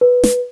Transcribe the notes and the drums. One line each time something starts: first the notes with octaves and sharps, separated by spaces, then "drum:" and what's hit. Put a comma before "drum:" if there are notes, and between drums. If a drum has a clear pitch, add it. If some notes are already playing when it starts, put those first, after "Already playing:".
B4
drum: snare